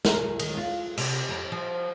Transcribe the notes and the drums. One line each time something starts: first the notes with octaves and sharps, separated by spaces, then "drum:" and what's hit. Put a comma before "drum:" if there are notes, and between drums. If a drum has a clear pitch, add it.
A#4, drum: snare G#4
D#3, drum: cymbal
F4
C3, drum: cymbal
F2
F3